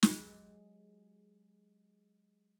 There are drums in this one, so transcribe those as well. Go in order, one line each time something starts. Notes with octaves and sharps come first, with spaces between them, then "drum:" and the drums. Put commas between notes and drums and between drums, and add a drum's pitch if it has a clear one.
F#3 G#3 G4 G#4, drum: snare